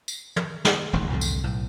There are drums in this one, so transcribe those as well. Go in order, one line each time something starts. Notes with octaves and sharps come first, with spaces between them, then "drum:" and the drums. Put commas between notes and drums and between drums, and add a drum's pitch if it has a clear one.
drum: tambourine
drum: tom
drum: snare
E1 A1 D#2 D#3
C2 F2 A2 D3
drum: tambourine
B1 A2